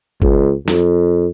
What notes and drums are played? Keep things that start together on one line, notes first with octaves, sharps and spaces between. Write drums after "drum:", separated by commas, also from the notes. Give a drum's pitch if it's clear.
C#2, drum: kick
F2, drum: snare